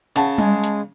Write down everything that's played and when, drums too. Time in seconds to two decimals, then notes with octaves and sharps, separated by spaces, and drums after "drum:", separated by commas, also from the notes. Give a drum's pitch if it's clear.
0.16 C#3 F#5 A5, drum: hi-hat
0.38 G#3, drum: tom G3
0.64 drum: hi-hat